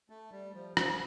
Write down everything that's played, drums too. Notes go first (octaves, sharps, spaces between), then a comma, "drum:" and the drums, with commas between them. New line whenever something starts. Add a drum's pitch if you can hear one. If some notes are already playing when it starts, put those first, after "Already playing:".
A3
G3
F3
F3, drum: rim click